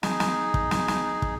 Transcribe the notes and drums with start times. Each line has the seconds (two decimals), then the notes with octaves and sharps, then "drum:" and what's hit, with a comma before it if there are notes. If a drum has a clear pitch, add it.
0.03 D#4 G#4, drum: snare
0.20 drum: snare
0.54 drum: kick
0.71 drum: snare
0.88 drum: snare
1.22 drum: kick